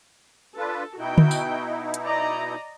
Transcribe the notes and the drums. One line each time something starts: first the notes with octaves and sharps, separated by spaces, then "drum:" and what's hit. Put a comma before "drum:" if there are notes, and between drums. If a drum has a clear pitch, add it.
D4 F4 A4 B4
B2 D#4 E4 F#4 G5
drum: tom D3
drum: tambourine
drum: hi-hat
D5 D#5 A#5